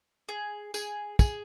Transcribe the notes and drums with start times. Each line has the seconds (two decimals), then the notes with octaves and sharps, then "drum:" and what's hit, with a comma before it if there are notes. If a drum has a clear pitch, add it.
0.29 G#4
0.74 G#4, drum: tambourine
1.19 G#4, drum: kick, tambourine